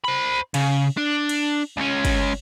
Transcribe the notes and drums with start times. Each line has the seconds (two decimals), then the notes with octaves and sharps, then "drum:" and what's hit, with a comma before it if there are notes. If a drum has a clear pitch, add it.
0.05 C5 B5
0.54 C#3, drum: cymbal
0.97 D4
1.29 drum: cymbal
1.77 C#2 C#4
2.05 drum: kick, cymbal